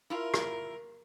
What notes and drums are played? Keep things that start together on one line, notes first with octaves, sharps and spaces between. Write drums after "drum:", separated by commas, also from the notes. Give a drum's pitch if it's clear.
E4 F4 A#4 F5
drum: rim click